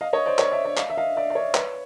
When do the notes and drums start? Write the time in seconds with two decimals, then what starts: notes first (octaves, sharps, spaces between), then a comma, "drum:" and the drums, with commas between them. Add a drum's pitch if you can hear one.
0.01 D#5 F5
0.13 C#5 D#5
0.26 C5 D5
0.39 C#5 D#5, drum: clap
0.52 D5 E5
0.65 D5 E5
0.77 D#5 F5, drum: clap
0.90 E5
0.97 D#5 F5
1.17 D5 E5
1.30 D5
1.35 C#5 D#5
1.55 B4 C#5, drum: clap